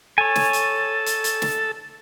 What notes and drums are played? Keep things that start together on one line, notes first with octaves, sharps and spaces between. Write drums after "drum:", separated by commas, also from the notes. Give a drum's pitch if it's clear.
A4 C#5 G#5
drum: snare
drum: hi-hat
drum: hi-hat
drum: hi-hat
drum: snare